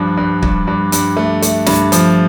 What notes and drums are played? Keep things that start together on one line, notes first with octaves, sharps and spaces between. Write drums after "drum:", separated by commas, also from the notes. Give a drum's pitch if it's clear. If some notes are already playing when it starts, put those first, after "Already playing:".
Already playing: G2 F3 D4
G2
G2, drum: kick
G2
G2, drum: hi-hat
A3
A3, drum: hi-hat
G2, drum: snare
F3, drum: hi-hat